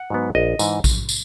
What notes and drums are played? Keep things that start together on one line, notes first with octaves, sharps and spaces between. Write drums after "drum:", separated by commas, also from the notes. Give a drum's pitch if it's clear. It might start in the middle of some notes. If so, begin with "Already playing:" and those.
Already playing: F#5
G#2 F#3 B3
A#1 D#5
G#2 E3, drum: tambourine
drum: kick A#1, tambourine
drum: tambourine